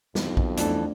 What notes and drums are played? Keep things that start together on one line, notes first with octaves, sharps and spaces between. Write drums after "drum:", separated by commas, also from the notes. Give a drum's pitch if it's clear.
B1 F2, drum: snare
drum: kick A#1
E2 E3 A3 D4 A4 D5, drum: hi-hat